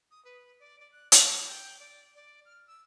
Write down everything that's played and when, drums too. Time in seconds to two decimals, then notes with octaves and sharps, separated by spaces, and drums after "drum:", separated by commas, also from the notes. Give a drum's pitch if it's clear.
0.11 D#6
0.25 B4
0.60 D5
0.80 D5
0.92 F#6
1.12 C#6, drum: hi-hat
1.30 E6
1.46 G5
1.79 D5
2.16 D5
2.45 F6
2.67 E6